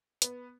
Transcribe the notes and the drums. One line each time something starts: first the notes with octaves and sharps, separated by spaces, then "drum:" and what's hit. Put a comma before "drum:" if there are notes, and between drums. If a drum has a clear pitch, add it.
B3, drum: hi-hat